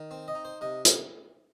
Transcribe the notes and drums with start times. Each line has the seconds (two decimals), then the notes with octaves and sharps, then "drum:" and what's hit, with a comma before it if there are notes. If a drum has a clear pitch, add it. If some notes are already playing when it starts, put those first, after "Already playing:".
Already playing: D#3
0.11 C4
0.28 D#5
0.35 D#4
0.45 C5
0.61 C3 D#5
0.85 drum: hi-hat